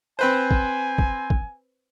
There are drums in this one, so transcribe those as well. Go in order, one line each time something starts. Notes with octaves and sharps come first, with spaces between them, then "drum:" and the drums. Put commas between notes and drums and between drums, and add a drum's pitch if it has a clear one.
C4 B4 C5 G#5
drum: kick
drum: kick
drum: kick